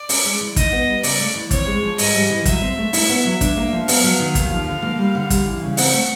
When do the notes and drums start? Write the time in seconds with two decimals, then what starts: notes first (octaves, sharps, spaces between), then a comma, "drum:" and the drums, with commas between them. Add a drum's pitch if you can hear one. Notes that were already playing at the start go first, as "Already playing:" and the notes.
Already playing: D5
0.09 C#4, drum: open hi-hat
0.25 G#3
0.41 E3
0.56 D#4 D#5, drum: kick, hi-hat
0.72 B3
0.88 G3
1.03 C#3 D5, drum: open hi-hat
1.20 A3
1.35 E3
1.51 C4 C#5, drum: kick, hi-hat
1.67 G#3
1.83 F3
1.98 G#2 D#5, drum: open hi-hat
2.14 G3
2.30 E3
2.45 F#3 E5, drum: kick, hi-hat
2.62 C4
2.78 A3
2.93 E4, drum: open hi-hat
3.09 B3
3.25 F#3
3.41 D4, drum: kick, hi-hat
3.57 A#3
3.72 F3
3.88 B3 F5, drum: open hi-hat
4.04 F#3
4.20 D#3
4.35 D#2, drum: kick, hi-hat
4.51 F3
4.67 D3
4.82 A#3
4.98 G3
5.15 D3
5.30 G3, drum: kick, hi-hat
5.45 E3
5.62 C#3
5.77 C4 F#5, drum: open hi-hat
5.93 A3